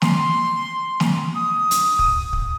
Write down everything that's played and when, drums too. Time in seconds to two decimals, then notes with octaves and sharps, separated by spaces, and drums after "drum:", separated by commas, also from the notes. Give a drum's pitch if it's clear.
0.02 C6, drum: snare
1.00 drum: snare
1.35 D#6
1.71 drum: hi-hat
1.99 drum: kick
2.33 drum: kick